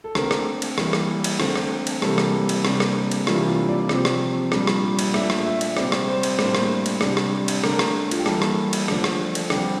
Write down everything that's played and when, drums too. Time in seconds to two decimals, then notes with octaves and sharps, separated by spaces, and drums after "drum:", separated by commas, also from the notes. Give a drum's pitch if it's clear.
0.04 A4
0.15 D3 A3 C4 A#4, drum: rim click
0.31 drum: rim click
0.62 drum: cymbal
0.78 E3 G3 A#3, drum: rim click
0.93 drum: rim click
1.24 drum: cymbal
1.40 D3 A3 C4, drum: rim click
1.56 drum: rim click
1.87 drum: cymbal
2.02 C3 E3 G3 A#3 A4, drum: rim click
2.18 drum: rim click
2.49 drum: cymbal
2.65 C3 G3 A#3 D4, drum: rim click
2.80 drum: rim click
3.11 drum: cymbal
3.27 C3 E3 G3 A#3 D4 F4, drum: rim click
3.48 F4
3.69 D5
3.89 C3 F3 C4, drum: rim click
4.05 drum: rim click
4.52 A#2 G3 D4, drum: rim click
4.67 drum: rim click
4.99 drum: cymbal
5.14 A#2 A3 D4 E5, drum: rim click
5.30 drum: rim click
5.45 E5
5.61 drum: cymbal
5.77 C3 G3 C4 D5, drum: rim click
5.92 drum: rim click
6.08 C5
6.23 drum: cymbal
6.39 A2 G3 A#3 D4 C5, drum: rim click
6.55 drum: rim click
6.86 drum: cymbal
7.01 C3 G3 D4, drum: rim click
7.17 drum: rim click
7.48 drum: cymbal
7.64 D3 A3 D4 A#4, drum: rim click
7.79 drum: rim click
8.11 F4, drum: cymbal
8.19 G4
8.26 E3 G3 A#3 A4, drum: rim click
8.42 drum: rim click
8.73 drum: cymbal
8.88 D3 F3 A3 D4, drum: rim click
9.04 drum: rim click
9.35 drum: cymbal
9.50 D3 G3 C4 G4, drum: rim click